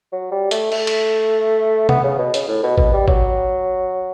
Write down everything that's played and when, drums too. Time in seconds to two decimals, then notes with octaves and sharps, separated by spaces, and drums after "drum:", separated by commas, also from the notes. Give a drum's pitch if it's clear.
0.12 F#3
0.32 G3
0.51 A3, drum: hi-hat
0.72 A3, drum: cymbal
0.87 drum: cymbal
1.89 B3, drum: tom C3
2.04 C#3
2.18 B2
2.34 C#3, drum: hi-hat
2.48 A2
2.63 B2
2.78 B2, drum: kick
2.93 G3
3.08 F#3, drum: kick